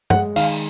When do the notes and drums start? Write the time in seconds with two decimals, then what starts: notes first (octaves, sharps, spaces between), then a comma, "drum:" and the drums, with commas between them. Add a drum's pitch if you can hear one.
0.10 G#3 F#5, drum: tom
0.36 D#3 F5, drum: open hi-hat